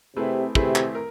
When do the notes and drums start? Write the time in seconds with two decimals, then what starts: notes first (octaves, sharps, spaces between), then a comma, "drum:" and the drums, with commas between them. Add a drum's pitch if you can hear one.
0.16 C3 A3 C4 E4 G#4 B4
0.55 C3 A3 C4 E4 G#4 B4, drum: kick
0.75 drum: clap
0.95 A#4